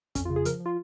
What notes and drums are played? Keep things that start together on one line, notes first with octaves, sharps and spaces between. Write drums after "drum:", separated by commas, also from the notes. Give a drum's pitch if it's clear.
F2 C#4, drum: kick, hi-hat
F4
C#3
G#4
F3 A#4, drum: hi-hat
F3
F4